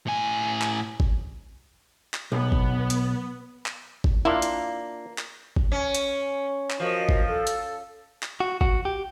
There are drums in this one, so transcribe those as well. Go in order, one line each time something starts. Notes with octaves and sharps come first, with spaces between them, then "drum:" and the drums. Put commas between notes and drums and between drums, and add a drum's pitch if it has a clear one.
A2 G#5
drum: clap
drum: kick
drum: clap
B1 B3
drum: kick
drum: hi-hat
drum: clap
drum: kick
A#3 D4 E4 F4
drum: hi-hat
drum: clap
drum: kick
C#4
drum: hi-hat
drum: clap
F3 F#4 A#4 D#5
drum: kick
A4
drum: hi-hat
drum: clap
F#4
F#4, drum: kick
G4